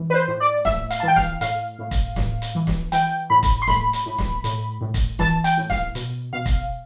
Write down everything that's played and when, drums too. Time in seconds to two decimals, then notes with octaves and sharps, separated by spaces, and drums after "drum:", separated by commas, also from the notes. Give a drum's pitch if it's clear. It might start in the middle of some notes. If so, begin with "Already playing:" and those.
Already playing: E3
0.10 B4
0.14 C5
0.28 A2
0.40 D5
0.65 A2 E5, drum: snare
0.90 F5, drum: hi-hat
1.00 A5
1.03 E3 G5
1.16 F5, drum: snare
1.41 A2 F5, drum: hi-hat
1.79 A2
1.91 drum: kick, hi-hat
2.16 A2, drum: snare
2.42 drum: hi-hat
2.55 E3
2.67 drum: snare
2.92 E3 G5, drum: hi-hat
3.30 A2 B5
3.43 drum: kick, hi-hat
3.62 C6
3.67 A2 B5, drum: snare
3.93 drum: hi-hat
4.06 A2
4.18 drum: snare
4.44 A2, drum: hi-hat
4.81 A2
4.94 drum: kick, hi-hat
5.19 E3 A5, drum: snare
5.44 G5, drum: hi-hat
5.57 A2
5.70 F5, drum: snare
5.95 B2, drum: hi-hat
6.33 B2 F5
6.46 drum: kick, hi-hat